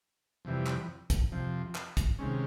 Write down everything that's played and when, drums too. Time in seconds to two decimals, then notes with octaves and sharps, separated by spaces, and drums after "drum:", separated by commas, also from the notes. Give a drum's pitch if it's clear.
0.45 F2 C3 E3 G3
0.66 drum: clap
1.10 drum: kick, hi-hat
1.32 F2 C3 F3
1.75 drum: clap
1.97 drum: kick, hi-hat
2.19 C3 D#3 G#3 C#4